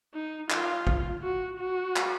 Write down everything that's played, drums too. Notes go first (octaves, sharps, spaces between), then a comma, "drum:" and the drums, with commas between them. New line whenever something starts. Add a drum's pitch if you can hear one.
D#4
F4, drum: clap
drum: kick
F#4
F#4
drum: clap